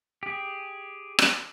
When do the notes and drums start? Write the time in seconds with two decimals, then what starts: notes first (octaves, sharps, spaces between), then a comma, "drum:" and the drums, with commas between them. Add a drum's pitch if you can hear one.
0.23 G4 G#4
1.19 drum: rim click